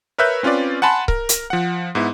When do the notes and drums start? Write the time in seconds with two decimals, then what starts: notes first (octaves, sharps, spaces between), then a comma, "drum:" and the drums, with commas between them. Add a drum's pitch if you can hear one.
0.18 A#4 B4 C#5 E5 F#6 G6
0.43 C4 C#4 F4 B4 D5
0.82 F#5 G#5 A5 B5 C6
1.08 A#4, drum: kick C#1
1.29 drum: hi-hat
1.50 F3 F#5
1.95 G#2 B3 E4